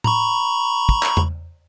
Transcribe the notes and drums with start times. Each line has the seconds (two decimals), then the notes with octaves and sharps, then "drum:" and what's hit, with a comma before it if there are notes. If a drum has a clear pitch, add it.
0.04 A#5 B5 C#6, drum: tom A2
0.89 drum: kick
1.03 drum: clap
1.17 drum: tom E2